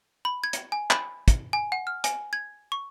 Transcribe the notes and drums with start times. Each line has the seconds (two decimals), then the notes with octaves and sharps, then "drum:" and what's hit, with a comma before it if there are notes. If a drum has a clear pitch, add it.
0.25 B5
0.44 G#6
0.53 drum: hi-hat
0.72 G#5
0.90 B5, drum: clap
1.28 drum: kick, hi-hat
1.53 G#5
1.72 F#5
1.87 F6
2.04 G#5, drum: hi-hat
2.33 G#6
2.72 C#6